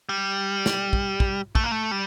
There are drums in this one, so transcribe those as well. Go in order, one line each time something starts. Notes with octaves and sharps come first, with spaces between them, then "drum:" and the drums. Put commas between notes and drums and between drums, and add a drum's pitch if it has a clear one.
G3
drum: snare
drum: kick
drum: kick
A3, drum: kick
A#3
A3
G3